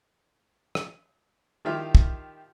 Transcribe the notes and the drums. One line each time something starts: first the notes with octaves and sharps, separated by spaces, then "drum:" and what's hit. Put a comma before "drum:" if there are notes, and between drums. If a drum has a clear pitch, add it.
drum: rim click
D#3 F3 E4 F4 G4
drum: kick